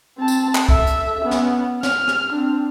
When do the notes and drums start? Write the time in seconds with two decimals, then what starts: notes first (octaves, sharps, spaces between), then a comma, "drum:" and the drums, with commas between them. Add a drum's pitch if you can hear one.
0.18 C4 A5
0.28 drum: tambourine
0.55 drum: clap
0.69 A4 E5, drum: kick
0.87 drum: hi-hat
1.21 B3 C#4
1.31 drum: snare
1.83 F6, drum: snare
2.08 drum: rim click
2.32 C4 D4